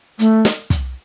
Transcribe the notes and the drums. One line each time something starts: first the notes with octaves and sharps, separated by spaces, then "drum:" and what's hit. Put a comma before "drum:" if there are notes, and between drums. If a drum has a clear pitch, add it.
A3, drum: hi-hat
drum: snare
drum: kick, hi-hat